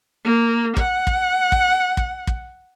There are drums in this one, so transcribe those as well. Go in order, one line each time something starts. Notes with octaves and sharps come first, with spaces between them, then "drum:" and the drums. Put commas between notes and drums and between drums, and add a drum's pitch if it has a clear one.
A#3
F#5, drum: kick
drum: kick
drum: kick
drum: kick
drum: kick